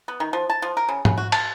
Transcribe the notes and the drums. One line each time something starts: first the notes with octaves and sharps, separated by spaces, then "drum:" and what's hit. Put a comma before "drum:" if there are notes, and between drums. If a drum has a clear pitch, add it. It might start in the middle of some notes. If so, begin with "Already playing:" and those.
B3
D#3
F3
A5
F3
A#4
C#3
C#3, drum: tom G#2
F#4
A5, drum: cymbal